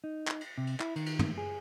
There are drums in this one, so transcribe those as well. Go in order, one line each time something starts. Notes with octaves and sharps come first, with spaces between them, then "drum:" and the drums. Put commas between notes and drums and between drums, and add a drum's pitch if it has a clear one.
D#4
drum: clap
drum: cymbal
C3
drum: cymbal
E4, drum: clap
D#3, drum: cymbal
drum: cymbal
drum: tom
G#4